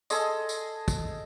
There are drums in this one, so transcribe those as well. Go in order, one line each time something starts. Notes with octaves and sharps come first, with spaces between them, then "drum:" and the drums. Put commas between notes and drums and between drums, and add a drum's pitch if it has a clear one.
G#4 A4 D#5 C6, drum: tambourine
drum: tambourine
drum: kick, tambourine